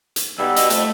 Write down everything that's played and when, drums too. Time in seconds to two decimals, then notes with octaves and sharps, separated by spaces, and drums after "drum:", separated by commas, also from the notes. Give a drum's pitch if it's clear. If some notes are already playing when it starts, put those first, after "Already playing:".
0.16 drum: hi-hat
0.38 B1 G3 B3 E6
0.56 F#4 D#5, drum: hi-hat
0.70 F2 A3, drum: hi-hat